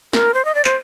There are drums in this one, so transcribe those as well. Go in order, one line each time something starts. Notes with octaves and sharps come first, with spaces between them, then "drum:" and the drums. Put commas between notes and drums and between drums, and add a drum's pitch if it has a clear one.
A#4, drum: snare
C5
D#5
D5
C5, drum: clap